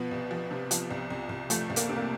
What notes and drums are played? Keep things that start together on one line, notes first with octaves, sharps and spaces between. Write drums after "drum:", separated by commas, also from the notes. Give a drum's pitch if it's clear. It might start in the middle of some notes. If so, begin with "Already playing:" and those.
Already playing: B2 F3 B3
C2
F3
C3
F3, drum: hi-hat
C2
C2
C2
F3 A3, drum: hi-hat
C2
A#3, drum: hi-hat
C3
A#3